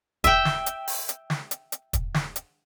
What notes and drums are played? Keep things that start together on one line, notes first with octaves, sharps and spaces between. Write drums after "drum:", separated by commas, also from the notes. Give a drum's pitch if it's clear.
E5 G5, drum: kick, hi-hat
drum: snare
drum: hi-hat
drum: open hi-hat
drum: hi-hat
drum: snare
drum: hi-hat
drum: hi-hat
drum: kick, hi-hat
drum: snare
drum: hi-hat